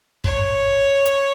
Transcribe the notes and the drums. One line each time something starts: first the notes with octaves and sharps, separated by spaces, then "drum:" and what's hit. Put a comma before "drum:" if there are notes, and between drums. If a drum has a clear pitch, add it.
C#5, drum: kick
drum: hi-hat